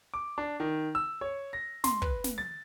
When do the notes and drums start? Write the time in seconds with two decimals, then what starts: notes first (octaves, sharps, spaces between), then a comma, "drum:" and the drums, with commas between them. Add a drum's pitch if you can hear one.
0.14 D6
0.38 D4
0.60 D#3
0.95 E6
1.21 C#5
1.53 A#6
1.84 C6, drum: snare
2.02 B4, drum: kick
2.24 drum: snare
2.38 A6